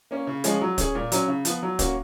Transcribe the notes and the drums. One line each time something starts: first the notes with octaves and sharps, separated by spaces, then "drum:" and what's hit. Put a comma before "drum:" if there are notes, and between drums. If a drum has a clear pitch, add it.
A#3 C#4
C#3
F3 G#3 C#4 G#4, drum: hi-hat
F#3
C#4 G#4, drum: kick, hi-hat
A#2
F#3 C#4, drum: hi-hat
C#3
F3 B3, drum: hi-hat
F#3
A#3 C#4 F#4, drum: kick, hi-hat